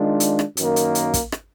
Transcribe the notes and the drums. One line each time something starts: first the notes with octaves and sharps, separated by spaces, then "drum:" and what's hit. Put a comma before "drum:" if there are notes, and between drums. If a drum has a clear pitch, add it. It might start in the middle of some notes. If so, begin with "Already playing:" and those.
Already playing: D#3 G#3 D4 F4
drum: hi-hat
drum: rim click
F#2 D#3 A#3, drum: hi-hat
drum: hi-hat
drum: hi-hat
drum: kick, hi-hat
drum: rim click